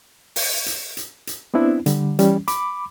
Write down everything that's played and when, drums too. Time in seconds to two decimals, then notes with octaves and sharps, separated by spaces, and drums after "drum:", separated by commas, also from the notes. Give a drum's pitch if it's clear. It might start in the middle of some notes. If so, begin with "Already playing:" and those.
0.36 drum: open hi-hat
0.66 drum: hi-hat
0.97 drum: hi-hat
1.27 drum: hi-hat
1.54 B3 C4 D4 E4
1.86 D3 G3, drum: hi-hat
2.19 E3 G3 C#4, drum: hi-hat
2.48 B5 D6, drum: hi-hat